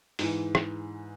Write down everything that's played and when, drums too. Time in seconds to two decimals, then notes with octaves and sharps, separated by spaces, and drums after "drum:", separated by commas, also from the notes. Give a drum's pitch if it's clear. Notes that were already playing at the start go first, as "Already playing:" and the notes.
0.19 G#2 E3, drum: open hi-hat
0.55 drum: rim click